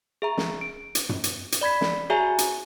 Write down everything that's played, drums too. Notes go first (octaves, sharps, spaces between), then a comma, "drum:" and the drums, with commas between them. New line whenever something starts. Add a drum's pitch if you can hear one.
G#4 E5 A#5
drum: snare
D7
drum: hi-hat
drum: tom
drum: hi-hat
drum: hi-hat
D5 B5 G#6 B6
drum: snare
F#4 G#4 C#5 E5 G#5 A#5
drum: hi-hat